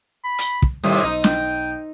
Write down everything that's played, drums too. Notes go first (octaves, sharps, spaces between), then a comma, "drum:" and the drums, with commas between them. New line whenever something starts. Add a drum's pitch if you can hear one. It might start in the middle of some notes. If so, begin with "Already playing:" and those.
B5
drum: hi-hat
drum: kick
D#2 A2 C3 G3 D#6
B1 D#4
G5, drum: snare